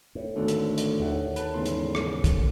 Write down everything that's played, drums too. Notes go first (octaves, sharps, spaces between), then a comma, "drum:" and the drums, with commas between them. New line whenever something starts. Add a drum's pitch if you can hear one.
A2
G#1 D2 B3 A4
drum: hi-hat
drum: hi-hat
D#2 A2 E5 F#5
B4 A5, drum: hi-hat
E2 G#2 C#3 C6
drum: hi-hat
drum: rim click
drum: kick, hi-hat